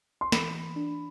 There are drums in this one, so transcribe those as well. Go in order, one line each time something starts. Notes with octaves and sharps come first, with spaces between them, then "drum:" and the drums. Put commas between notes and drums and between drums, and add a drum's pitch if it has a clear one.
C6
E3 B5, drum: snare
D4